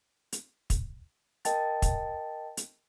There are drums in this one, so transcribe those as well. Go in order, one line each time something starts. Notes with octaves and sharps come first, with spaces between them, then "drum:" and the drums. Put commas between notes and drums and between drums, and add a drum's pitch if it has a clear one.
drum: hi-hat
drum: kick, hi-hat
A#4 D#5 G5 A5 A6, drum: hi-hat
drum: kick, hi-hat
drum: hi-hat